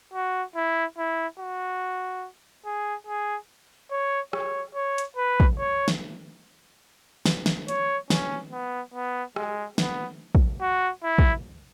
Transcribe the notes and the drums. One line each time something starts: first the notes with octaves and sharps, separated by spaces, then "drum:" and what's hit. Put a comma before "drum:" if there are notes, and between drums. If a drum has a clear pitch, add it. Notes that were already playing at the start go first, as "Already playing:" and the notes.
F#4
E4
E4
F#4
G#4
G#4
C#5
C#5, drum: rim click
C#5
drum: hi-hat
B4
drum: kick
C#5
drum: snare
drum: snare
drum: snare
C#5, drum: hi-hat
C#4, drum: snare
B3
B3
G#3, drum: rim click
B3, drum: snare
drum: kick
F#4
E4
drum: kick